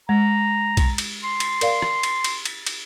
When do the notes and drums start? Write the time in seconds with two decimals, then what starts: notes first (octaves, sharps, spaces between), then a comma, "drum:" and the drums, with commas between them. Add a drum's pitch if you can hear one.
0.09 G#3 A#5
0.77 drum: kick, cymbal
0.98 drum: cymbal
1.24 C6
1.40 drum: cymbal
1.61 A#4 D5 F5, drum: cymbal
1.82 drum: rim click
2.03 drum: cymbal
2.24 drum: cymbal
2.45 drum: cymbal
2.67 drum: cymbal